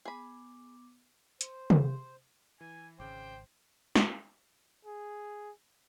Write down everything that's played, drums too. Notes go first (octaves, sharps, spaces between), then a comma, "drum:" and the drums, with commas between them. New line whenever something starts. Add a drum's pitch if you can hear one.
B3 G#4 B5 D6
C5, drum: hi-hat
drum: tom
E3 G#5
G#1 C#3 C5 G5 D6
drum: snare
G#4